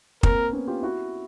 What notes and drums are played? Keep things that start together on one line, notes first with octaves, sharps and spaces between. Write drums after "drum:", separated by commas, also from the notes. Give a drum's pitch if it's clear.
A#3 C4 A#4, drum: kick
B3 C#4
F4 G4
E4 F#4